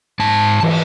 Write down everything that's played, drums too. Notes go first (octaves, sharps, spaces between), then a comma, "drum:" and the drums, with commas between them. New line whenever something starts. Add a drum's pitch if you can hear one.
G#2 A5
E3, drum: cymbal